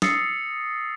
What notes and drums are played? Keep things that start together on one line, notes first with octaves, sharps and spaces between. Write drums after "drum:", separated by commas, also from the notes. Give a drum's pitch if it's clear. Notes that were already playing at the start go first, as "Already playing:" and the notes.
D#6 E6 A6 A#6 C7 C#7, drum: snare